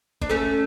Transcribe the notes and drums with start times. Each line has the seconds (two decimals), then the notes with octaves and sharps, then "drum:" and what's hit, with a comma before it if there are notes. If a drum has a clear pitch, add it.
0.22 D4, drum: kick
0.30 A3 C#4